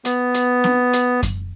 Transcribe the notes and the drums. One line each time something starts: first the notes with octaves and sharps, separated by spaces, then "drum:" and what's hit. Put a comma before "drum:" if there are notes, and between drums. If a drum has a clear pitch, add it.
B3, drum: hi-hat
drum: hi-hat
drum: snare C4
drum: hi-hat
drum: kick F#2, hi-hat